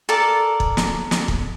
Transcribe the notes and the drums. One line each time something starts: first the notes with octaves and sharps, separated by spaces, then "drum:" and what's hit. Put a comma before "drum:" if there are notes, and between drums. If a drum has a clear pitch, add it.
A4 A#4 D5 A5
drum: kick
drum: snare
drum: snare
drum: kick